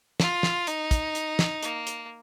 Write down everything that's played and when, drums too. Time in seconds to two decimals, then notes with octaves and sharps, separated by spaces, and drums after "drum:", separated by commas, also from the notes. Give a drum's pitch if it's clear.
0.20 F4, drum: snare
0.43 drum: snare
0.67 D#4, drum: hi-hat
0.91 drum: kick, hi-hat
1.15 drum: hi-hat
1.39 drum: snare
1.63 A#3, drum: hi-hat
1.87 drum: hi-hat